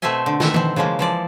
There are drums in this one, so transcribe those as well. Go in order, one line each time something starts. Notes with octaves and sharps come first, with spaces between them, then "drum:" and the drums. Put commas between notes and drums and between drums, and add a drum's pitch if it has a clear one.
B2 A3 C4 C5 E5 G#5
D3
D#3 E3 E5, drum: snare
B2 C4, drum: tom E3
C#3 E3 F3 G#3 A#3
E3 F3 D5